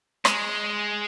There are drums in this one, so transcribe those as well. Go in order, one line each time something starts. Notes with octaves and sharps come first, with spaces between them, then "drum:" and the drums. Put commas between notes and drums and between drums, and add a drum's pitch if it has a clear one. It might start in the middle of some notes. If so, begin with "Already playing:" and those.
G#3, drum: rim click